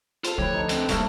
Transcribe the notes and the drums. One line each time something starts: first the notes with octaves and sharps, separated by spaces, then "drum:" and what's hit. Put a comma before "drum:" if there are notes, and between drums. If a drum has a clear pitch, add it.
F4 A4 C5, drum: hi-hat
D2 F3 G4 B4 C#5
D4 D#4
D3 C4, drum: hi-hat
C2 C3 G3 A3 A#3 F5, drum: hi-hat